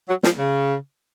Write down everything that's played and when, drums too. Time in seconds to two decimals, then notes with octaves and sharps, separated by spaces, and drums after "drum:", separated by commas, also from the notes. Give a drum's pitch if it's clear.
0.09 F#3
0.23 F3, drum: snare
0.38 C#3